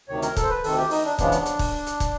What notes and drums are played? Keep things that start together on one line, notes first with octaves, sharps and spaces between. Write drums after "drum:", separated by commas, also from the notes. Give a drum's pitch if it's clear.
D2 C3 D#3 C#5
A#4, drum: hi-hat
A4, drum: kick, hi-hat
C5
B4
D2 C3 D#3 A4, drum: open hi-hat
G4
D#4, drum: open hi-hat
D4
E2 C#3 F3 G#3 B3 D4, drum: kick, hi-hat
drum: hi-hat
drum: hi-hat
drum: kick, open hi-hat
drum: hi-hat
drum: kick, hi-hat